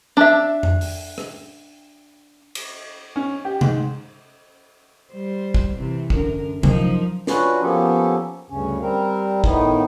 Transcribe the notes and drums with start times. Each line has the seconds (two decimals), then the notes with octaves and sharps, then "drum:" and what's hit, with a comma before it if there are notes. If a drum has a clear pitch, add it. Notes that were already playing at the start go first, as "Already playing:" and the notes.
0.17 D4 E5
0.63 drum: tom F2
0.81 drum: open hi-hat
1.18 drum: rim click
2.55 drum: cymbal
3.16 C#4
3.45 G4
3.61 G#2, drum: tom C3
5.12 G3 C5
5.54 drum: kick
5.76 C3 E3 C4
6.10 F#2 D3 A#4, drum: kick
6.63 F3 F#3 D#4 A#4, drum: tom C3
7.27 C#4 D4 F4 F#4 B4, drum: snare
7.62 F3 A#3 B3 C#4 G4 A4
8.50 D2 G2 C#3 C#4
8.81 G3 C4 A#4
9.44 A2 D#3 B3 D#4 E4, drum: kick